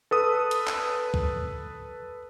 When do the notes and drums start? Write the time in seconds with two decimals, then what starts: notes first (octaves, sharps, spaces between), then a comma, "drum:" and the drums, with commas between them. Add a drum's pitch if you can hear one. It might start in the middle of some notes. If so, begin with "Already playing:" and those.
0.11 A4 B4 D#6
0.51 drum: hi-hat
0.68 drum: clap
1.14 drum: kick